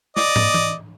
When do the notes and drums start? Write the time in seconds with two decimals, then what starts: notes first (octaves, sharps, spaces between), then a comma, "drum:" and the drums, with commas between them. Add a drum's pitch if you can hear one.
0.17 D5 D#5, drum: snare
0.36 drum: tom
0.54 drum: tom E3